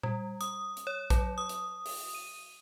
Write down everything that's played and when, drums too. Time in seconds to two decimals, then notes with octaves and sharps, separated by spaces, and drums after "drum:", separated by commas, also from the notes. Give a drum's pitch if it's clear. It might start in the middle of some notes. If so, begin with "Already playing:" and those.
0.03 G3, drum: tom A#2
0.41 D#6, drum: hi-hat
0.77 drum: hi-hat
0.87 C#5
1.10 F#3, drum: kick A#1, hi-hat
1.38 D#6
1.49 drum: hi-hat
1.86 drum: open hi-hat
2.15 D#7